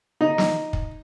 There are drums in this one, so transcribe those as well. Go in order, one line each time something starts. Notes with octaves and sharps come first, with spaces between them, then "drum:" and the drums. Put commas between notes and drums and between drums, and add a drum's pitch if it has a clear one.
D#4
drum: snare
drum: kick